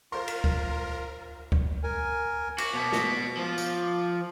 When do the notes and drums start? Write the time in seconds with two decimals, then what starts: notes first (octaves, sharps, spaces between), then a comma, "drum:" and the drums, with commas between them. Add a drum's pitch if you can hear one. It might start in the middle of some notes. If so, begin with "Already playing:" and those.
0.12 F4 A#4 C5 A#5 C6
0.28 drum: cymbal
0.44 drum: kick C#2
1.52 drum: kick C#2
1.83 A#4 G#5
2.58 F#4 D6, drum: cymbal
2.74 B2 B3
2.92 drum: snare
3.37 F3
3.58 drum: tambourine